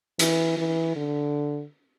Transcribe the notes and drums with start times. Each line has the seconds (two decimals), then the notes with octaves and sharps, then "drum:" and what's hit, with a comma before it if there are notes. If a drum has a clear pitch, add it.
0.19 E3, drum: hi-hat
0.57 E3
0.96 D3